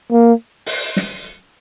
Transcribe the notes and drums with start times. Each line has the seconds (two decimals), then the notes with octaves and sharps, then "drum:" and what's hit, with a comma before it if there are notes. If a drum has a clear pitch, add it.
0.12 A#3
0.66 drum: open hi-hat
0.97 drum: snare